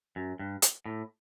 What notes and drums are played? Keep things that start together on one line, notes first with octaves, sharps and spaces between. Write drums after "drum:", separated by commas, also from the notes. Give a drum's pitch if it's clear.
F#2
G2
drum: hi-hat
A2